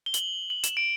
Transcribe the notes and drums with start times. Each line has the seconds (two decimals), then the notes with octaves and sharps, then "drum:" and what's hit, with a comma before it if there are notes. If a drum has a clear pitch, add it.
0.06 G7
0.14 F#7, drum: hi-hat
0.50 F#7
0.64 E7, drum: hi-hat
0.77 D7